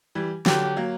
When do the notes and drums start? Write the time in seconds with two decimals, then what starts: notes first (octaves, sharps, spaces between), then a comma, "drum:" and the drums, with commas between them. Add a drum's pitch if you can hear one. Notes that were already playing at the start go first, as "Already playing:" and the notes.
0.15 E3 G3
0.46 D3 F#3 G4, drum: snare
0.77 F#3 A#3